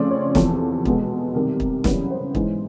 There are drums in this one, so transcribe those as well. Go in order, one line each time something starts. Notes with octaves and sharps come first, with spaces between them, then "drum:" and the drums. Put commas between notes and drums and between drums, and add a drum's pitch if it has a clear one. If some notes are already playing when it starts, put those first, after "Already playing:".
Already playing: C#3 F3 A3 C4 D5
C#5
E2 C3 F3 A4, drum: snare
B2 G#3 B3, drum: kick
C3 D#3 G3 A#4
drum: kick
F#2 C#3 E3 G3 B3 B4, drum: snare
C5
G#2 E3 G#3, drum: kick